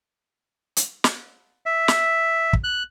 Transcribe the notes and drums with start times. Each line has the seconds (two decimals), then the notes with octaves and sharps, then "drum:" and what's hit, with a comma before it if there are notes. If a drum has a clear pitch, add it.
0.77 drum: hi-hat
1.04 drum: snare
1.66 E5
1.88 drum: snare
2.53 drum: kick
2.64 F#6